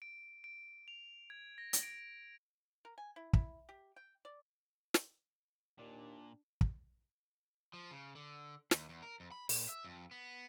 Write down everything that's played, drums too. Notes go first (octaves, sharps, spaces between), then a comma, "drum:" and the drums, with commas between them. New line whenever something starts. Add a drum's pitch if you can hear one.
D7
D7
F7
G#6
A#6
drum: hi-hat
D7
A#4
G#5
E4
E4, drum: kick
G4
G5
D5
drum: snare
D#2 A#2 D4
drum: kick
F3
C#3
D3
D#2, drum: snare
E2
A#4
F2
B5
A#2, drum: open hi-hat
E5
F2
B3